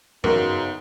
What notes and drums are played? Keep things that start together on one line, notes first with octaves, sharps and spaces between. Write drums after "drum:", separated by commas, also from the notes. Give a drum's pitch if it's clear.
F#2 C#3 B3 D#4 F#4 A#4, drum: tom G2